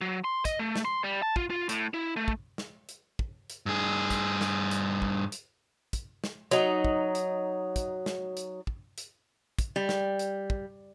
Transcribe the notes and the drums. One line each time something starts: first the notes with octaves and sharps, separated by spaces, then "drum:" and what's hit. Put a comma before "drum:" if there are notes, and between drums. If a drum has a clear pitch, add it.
F#3
C6
D#5, drum: kick, hi-hat
A3
drum: snare
C6
G3
A5
F4, drum: kick
F4
A2, drum: hi-hat
E4
A3
drum: kick
drum: snare
drum: hi-hat
drum: kick
drum: hi-hat
G2 G#4
drum: kick, hi-hat
drum: snare
drum: hi-hat
drum: kick
drum: hi-hat
drum: kick, hi-hat
drum: snare
F#3 D#4, drum: hi-hat
drum: kick
drum: hi-hat
drum: kick, hi-hat
drum: snare
drum: hi-hat
drum: kick
drum: hi-hat
drum: kick, hi-hat
G3
drum: snare
drum: hi-hat
drum: kick